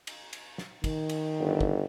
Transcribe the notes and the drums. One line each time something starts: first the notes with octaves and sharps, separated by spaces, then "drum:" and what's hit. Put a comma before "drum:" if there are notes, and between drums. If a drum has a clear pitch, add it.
drum: cymbal
drum: cymbal
drum: snare
D#3, drum: kick, cymbal
drum: cymbal
G1
drum: kick